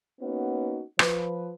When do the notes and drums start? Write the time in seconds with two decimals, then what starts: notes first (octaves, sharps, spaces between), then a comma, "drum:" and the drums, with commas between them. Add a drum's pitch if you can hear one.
0.21 A#3 B3 C#4 D#4 F#4
0.99 F3 B4, drum: rim click